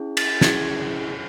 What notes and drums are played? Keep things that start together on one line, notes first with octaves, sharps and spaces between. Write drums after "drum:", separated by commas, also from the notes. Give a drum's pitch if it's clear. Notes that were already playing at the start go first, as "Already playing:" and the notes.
Already playing: C#4 E4 G#4
A6, drum: cymbal
C#4 E4 G#4 G#6, drum: snare